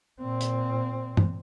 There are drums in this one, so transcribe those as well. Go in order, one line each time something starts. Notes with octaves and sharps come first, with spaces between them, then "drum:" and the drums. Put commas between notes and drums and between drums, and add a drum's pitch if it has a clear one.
A#2 C4
drum: hi-hat
drum: tom G2